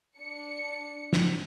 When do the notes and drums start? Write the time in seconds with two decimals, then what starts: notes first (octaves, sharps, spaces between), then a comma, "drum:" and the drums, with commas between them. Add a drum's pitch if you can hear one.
0.19 D4 C#7
1.13 drum: snare